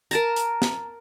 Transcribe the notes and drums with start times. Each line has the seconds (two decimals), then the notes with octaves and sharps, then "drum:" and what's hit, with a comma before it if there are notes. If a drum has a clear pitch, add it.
0.11 A#4 A5 A#5, drum: hi-hat
0.36 drum: hi-hat
0.62 drum: snare